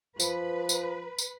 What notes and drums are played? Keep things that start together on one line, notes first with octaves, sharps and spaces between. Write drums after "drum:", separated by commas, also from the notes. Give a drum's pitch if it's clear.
F3 B4, drum: tambourine
drum: tambourine
drum: tambourine